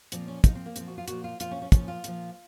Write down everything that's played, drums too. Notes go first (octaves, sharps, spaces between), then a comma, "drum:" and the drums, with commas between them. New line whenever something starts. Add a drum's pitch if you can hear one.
A#2 F3 C4, drum: hi-hat
C#4
A#2 F3 D#4, drum: kick, hi-hat
C4
A#3
A#2 F3 C4, drum: hi-hat
F#4
F4
A#2 F3 F#4, drum: hi-hat
F4
A#2 F3 F4, drum: hi-hat
C#4
C#4
A#2 F3 C#4, drum: kick, hi-hat
F4
A#2 F3, drum: hi-hat